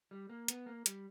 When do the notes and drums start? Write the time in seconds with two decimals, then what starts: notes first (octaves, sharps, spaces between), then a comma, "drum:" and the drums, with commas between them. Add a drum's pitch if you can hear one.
0.11 G3
0.29 A#3
0.48 B3, drum: hi-hat
0.66 A#3
0.86 G3, drum: hi-hat